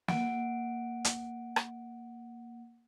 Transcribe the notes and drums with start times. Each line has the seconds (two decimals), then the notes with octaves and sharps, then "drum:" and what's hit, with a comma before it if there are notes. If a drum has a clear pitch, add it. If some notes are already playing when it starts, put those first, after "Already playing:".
0.08 A#3 F#5 D7, drum: snare
1.05 drum: hi-hat
1.56 drum: rim click